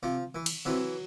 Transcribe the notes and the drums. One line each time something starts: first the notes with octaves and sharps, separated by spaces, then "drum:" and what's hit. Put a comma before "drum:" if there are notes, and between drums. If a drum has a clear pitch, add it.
C3 F3
E3
drum: cymbal
C3 E3 F#3